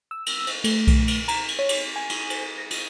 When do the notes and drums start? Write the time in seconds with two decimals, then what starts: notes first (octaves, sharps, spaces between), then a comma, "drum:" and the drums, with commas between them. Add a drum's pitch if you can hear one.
0.11 E6
0.26 drum: cymbal
0.47 drum: cymbal
0.64 A3, drum: cymbal
0.87 drum: kick B1, cymbal
1.08 drum: cymbal
1.28 A#5, drum: cymbal
1.48 drum: cymbal
1.59 C#5
1.69 drum: cymbal
1.96 G#5
2.10 drum: cymbal
2.30 drum: cymbal
2.58 A#6
2.71 drum: cymbal